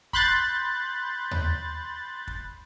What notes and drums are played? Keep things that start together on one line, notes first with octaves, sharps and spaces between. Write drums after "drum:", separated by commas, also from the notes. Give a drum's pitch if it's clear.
B5 C6 F#6 G6 A6, drum: kick
drum: tom D#2
drum: kick